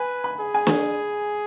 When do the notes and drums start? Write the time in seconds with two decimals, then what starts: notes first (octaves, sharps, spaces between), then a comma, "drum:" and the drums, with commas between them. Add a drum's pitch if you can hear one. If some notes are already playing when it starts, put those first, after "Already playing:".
Already playing: B4 G#5
0.24 B5
0.40 G#4
0.55 G#5
0.67 drum: snare